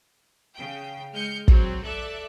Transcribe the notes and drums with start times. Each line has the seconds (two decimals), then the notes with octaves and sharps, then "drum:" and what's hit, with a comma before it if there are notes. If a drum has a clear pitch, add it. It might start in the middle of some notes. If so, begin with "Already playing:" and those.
0.55 C#3 G5
1.12 G#3 F6 G6 C#7
1.48 F#3 C4, drum: kick
1.84 A4 D5 E5 F#6